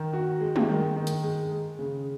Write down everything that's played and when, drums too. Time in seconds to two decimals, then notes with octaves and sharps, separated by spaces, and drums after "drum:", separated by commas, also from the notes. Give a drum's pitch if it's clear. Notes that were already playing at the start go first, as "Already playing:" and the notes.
Already playing: D#3
0.13 F#4
0.41 G#3
0.56 drum: tom
0.69 D#3
0.96 D#3
1.07 drum: hi-hat
1.23 G#3
1.52 G#3
1.79 C#3